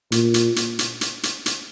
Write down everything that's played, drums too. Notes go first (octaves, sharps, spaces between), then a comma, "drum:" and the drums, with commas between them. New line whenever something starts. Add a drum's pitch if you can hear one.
A#2, drum: hi-hat
drum: hi-hat
drum: hi-hat
drum: hi-hat
drum: hi-hat
drum: hi-hat
drum: hi-hat